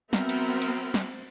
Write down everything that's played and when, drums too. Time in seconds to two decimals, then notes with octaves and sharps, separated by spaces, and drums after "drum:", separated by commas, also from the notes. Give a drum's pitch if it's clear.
0.13 F#3 B3 C4 A#4 E5, drum: snare
0.29 drum: cymbal
0.62 drum: cymbal
0.94 drum: snare